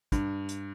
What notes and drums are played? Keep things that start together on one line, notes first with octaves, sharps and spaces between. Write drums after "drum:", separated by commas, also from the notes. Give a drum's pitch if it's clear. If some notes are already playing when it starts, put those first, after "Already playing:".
G2, drum: kick, hi-hat
drum: hi-hat